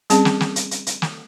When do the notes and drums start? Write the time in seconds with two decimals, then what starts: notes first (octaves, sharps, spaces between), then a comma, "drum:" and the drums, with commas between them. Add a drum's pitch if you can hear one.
0.10 G3 C4 C#4 G#4 A5, drum: hi-hat
0.25 drum: snare
0.40 drum: snare
0.56 drum: hi-hat
0.71 drum: hi-hat
0.87 drum: hi-hat
1.02 drum: snare